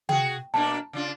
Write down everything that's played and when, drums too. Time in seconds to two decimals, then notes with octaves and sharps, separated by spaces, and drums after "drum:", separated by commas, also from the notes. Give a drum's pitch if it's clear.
0.09 F#4 G#4 G5, drum: tom C3
0.54 B2 A#3 D4 A5
0.93 C#3 D4 F4